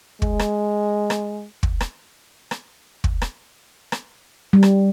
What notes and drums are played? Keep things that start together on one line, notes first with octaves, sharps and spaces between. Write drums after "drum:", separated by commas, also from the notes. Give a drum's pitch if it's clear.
G#3, drum: kick
drum: rim click
drum: rim click
drum: kick
drum: rim click
drum: rim click
drum: kick
drum: rim click
drum: rim click
G3
drum: rim click